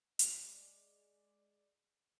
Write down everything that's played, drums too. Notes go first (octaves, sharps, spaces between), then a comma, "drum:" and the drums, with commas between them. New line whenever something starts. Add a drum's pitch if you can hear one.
G#3 D5, drum: hi-hat